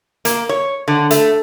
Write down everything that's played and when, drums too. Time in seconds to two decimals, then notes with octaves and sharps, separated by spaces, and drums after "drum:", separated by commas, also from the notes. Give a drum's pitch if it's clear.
0.25 A#3, drum: hi-hat
0.49 C#5
0.88 D3
1.11 A3, drum: hi-hat